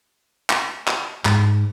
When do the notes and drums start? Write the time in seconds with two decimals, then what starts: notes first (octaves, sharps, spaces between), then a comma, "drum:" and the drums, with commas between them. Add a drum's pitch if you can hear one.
0.50 drum: clap
0.87 drum: clap
1.25 G#2, drum: clap